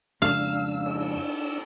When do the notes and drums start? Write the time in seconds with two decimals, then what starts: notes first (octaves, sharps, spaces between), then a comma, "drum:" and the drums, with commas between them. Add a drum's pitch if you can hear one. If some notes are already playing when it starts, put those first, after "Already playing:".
0.22 F2 C#3 G#3 D4 F5 E6
0.86 drum: cymbal